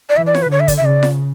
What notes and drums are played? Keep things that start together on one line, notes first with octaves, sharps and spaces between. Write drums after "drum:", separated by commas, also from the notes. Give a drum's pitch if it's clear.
D5
E3 E5
D5
C#5, drum: snare F4
B4
D3 C#5
E5
D5, drum: kick, hi-hat
E5
C#3 D5
drum: snare F4